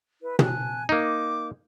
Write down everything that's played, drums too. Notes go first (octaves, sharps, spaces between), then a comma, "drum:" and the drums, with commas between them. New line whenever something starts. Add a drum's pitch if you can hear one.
E4 B4
G#5 A5 F#6, drum: tom
A#3 D#4 D6